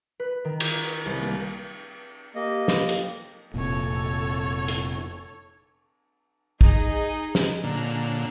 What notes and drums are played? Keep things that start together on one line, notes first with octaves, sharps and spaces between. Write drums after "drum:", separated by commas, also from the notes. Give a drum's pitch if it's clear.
B4
D#3
G6, drum: cymbal
C2
A#3
A#3 G4 D#5
drum: snare
drum: hi-hat
F1 A#2 A4 C#5
drum: hi-hat
D#4 G#4 D#5, drum: kick
drum: snare
A#2 D3 C#4 A#5